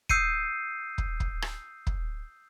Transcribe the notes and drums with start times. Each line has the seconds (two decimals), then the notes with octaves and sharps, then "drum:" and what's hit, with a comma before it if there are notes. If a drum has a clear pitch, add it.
0.09 D#6 E6 G6 C7 C#7 D#7, drum: kick
0.98 drum: kick
1.20 drum: kick
1.42 drum: rim click
1.87 drum: kick